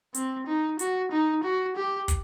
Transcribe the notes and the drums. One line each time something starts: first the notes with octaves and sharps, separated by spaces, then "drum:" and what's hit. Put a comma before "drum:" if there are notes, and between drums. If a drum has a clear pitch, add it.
C4, drum: hi-hat
D#4
F#4, drum: hi-hat
D#4
F#4
G4
drum: kick, hi-hat